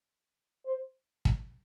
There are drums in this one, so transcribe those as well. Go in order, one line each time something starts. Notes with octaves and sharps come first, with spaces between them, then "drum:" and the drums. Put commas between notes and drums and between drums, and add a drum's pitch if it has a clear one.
C5
drum: kick